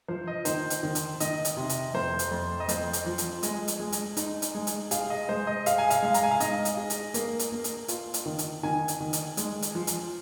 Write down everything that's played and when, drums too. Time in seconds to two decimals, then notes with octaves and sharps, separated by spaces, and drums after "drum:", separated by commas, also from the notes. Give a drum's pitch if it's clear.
0.08 F3 C5
0.28 D#5
0.45 D#3 C5, drum: hi-hat
0.70 drum: hi-hat
0.83 D#3
0.95 drum: hi-hat
1.20 D#3 D#5, drum: hi-hat
1.45 drum: hi-hat
1.57 C3
1.69 drum: hi-hat
1.94 F2 C5
2.19 drum: hi-hat
2.31 F2
2.60 D#5
2.69 F2 C5, drum: hi-hat
2.93 drum: hi-hat
3.06 F3
3.18 drum: hi-hat
3.43 G#3 D#5, drum: hi-hat
3.68 drum: hi-hat
3.80 G#3
3.92 drum: hi-hat
4.17 D#4, drum: hi-hat
4.42 drum: hi-hat
4.55 G#3
4.67 drum: hi-hat
4.91 G#4 F5, drum: hi-hat
5.10 D#5
5.29 G#3 C5
5.47 D#5
5.66 G#4 F5, drum: hi-hat
5.78 G#5
5.90 F5, drum: hi-hat
6.02 G#3
6.14 A#5, drum: hi-hat
6.23 G#5
6.31 F5
6.40 G#2 D#5, drum: hi-hat
6.65 drum: hi-hat
6.77 G#4
6.90 drum: hi-hat
7.14 A#3, drum: hi-hat
7.39 drum: hi-hat
7.52 A#3
7.64 drum: hi-hat
7.88 F4, drum: hi-hat
8.14 drum: hi-hat
8.26 D#3
8.39 drum: hi-hat
8.63 D#3 G#5
8.88 drum: hi-hat
9.00 D#3
9.13 drum: hi-hat
9.37 G#3, drum: hi-hat
9.62 drum: hi-hat
9.75 F3
9.87 drum: hi-hat